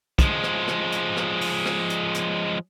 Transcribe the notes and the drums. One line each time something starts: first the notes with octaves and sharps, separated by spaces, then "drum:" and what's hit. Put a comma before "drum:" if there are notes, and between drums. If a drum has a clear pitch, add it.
F3 G#3, drum: kick, hi-hat
drum: rim click
drum: rim click
drum: hi-hat
drum: rim click
drum: open hi-hat
drum: rim click
drum: hi-hat
drum: hi-hat